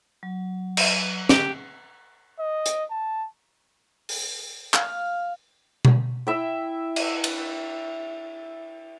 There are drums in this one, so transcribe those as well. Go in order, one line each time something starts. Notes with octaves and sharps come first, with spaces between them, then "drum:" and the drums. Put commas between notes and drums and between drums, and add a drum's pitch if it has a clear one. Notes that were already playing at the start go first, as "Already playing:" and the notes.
F#3
drum: cymbal
G4, drum: snare
D#5
drum: hi-hat
A5
drum: open hi-hat
F5, drum: clap
drum: tom B2
E4 E5 G5
drum: cymbal
drum: cymbal